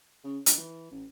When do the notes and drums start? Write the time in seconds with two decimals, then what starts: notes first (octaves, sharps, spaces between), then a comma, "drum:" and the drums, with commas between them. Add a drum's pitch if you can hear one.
0.24 C#3
0.46 D3, drum: hi-hat
0.58 E3
0.91 A1